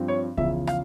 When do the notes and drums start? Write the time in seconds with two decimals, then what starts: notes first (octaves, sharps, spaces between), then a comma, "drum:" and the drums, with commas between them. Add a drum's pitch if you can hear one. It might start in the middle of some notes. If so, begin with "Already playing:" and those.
Already playing: G2 F3 C4
0.08 C#5
0.37 E2 C#3 F3 E5, drum: kick C2
0.67 F5, drum: rim click